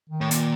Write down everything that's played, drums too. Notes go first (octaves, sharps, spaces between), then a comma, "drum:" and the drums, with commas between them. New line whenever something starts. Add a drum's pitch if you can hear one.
D#3
A2
A#2, drum: hi-hat